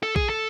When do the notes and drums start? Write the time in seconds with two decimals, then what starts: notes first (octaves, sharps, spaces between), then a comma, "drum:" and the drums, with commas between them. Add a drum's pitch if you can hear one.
0.03 A4
0.16 G#4, drum: kick A#1
0.30 A4